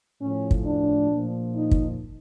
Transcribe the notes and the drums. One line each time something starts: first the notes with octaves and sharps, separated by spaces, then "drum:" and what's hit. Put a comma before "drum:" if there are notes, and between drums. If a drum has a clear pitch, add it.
A2 F3 C#4
drum: kick
D4
A#2 F3
D#4
drum: kick